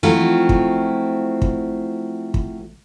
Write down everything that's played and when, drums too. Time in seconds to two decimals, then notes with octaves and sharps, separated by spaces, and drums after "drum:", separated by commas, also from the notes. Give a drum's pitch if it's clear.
0.03 F3 F#3 A3 C4 E4 F4
0.49 drum: kick
1.42 drum: kick
2.34 drum: kick